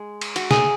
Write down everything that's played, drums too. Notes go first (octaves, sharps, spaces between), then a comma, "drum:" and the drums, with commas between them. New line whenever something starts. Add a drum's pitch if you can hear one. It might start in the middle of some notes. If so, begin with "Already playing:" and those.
Already playing: G#3
drum: cymbal
F#4, drum: cymbal
G#4, drum: snare